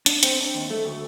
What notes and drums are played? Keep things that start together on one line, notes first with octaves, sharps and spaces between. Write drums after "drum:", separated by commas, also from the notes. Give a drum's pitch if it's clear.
D4, drum: hi-hat
C4, drum: hi-hat
D4
D#2
A3
D2